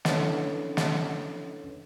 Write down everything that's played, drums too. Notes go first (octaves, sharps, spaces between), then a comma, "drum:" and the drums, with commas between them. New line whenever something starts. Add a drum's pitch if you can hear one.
C#4 D4 E4 A4 B4 C#5, drum: snare
drum: snare